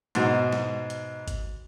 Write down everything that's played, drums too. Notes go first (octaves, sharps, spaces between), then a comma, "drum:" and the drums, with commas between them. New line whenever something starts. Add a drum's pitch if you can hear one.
G#2 B2 D#4, drum: hi-hat
drum: snare
drum: hi-hat
drum: kick, hi-hat